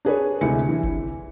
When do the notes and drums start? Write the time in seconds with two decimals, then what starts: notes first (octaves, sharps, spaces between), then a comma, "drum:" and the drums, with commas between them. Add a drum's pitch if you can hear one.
0.05 D4 G#4 B4 C#5
0.41 D2 C3 G#3 E4 C#7
0.69 E3
0.83 drum: kick F#1